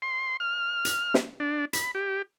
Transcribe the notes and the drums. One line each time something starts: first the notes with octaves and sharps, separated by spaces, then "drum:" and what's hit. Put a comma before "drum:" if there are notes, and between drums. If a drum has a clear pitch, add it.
C6
F6
drum: hi-hat
drum: snare
D4
B5, drum: hi-hat
G4